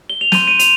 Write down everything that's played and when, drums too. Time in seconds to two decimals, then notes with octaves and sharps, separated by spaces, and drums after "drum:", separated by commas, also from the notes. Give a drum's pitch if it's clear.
0.10 G7
0.21 F7
0.32 C6 G6 D#7, drum: snare
0.48 D#7
0.59 F7, drum: hi-hat